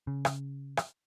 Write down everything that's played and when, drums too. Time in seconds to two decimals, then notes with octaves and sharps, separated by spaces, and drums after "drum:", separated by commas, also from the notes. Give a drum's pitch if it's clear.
0.07 C#3
0.25 drum: rim click
0.77 drum: rim click